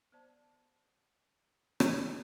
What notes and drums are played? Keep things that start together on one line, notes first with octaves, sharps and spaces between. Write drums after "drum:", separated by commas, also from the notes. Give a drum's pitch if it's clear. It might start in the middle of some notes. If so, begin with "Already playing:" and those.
B3 C5 D5 A5
drum: rim click